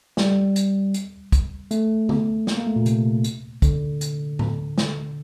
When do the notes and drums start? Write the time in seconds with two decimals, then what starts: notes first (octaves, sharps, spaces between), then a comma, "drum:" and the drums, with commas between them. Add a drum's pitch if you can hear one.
0.17 G3, drum: snare
0.56 drum: hi-hat
0.94 drum: hi-hat
1.32 drum: kick, hi-hat
1.71 A3, drum: hi-hat
2.09 drum: tom
2.47 A#3, drum: snare
2.57 A#3
2.67 A3
2.76 A#2
2.86 C3, drum: hi-hat
3.24 drum: hi-hat
3.62 D3, drum: kick, hi-hat
4.01 drum: hi-hat
4.39 drum: tom A2
4.78 drum: snare